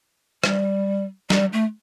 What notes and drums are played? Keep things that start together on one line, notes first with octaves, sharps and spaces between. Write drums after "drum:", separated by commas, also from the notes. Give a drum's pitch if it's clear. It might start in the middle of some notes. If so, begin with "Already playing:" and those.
G3, drum: rim click
G3, drum: snare
A3